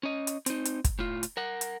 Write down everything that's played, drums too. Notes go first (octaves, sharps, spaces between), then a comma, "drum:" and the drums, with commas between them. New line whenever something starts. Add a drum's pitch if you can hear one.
C#4 D#5
drum: hi-hat
C4 D#4, drum: hi-hat
drum: hi-hat
drum: kick, hi-hat
A2 F4
drum: hi-hat
A#4 F#5
drum: hi-hat